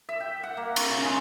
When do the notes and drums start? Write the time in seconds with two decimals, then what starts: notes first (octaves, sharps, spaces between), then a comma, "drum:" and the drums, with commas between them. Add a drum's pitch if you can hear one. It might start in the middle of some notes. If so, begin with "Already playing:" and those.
0.09 E5
0.20 G5
0.43 F#5
0.57 A#3
0.76 C#6, drum: cymbal
0.90 C#3
1.05 G#3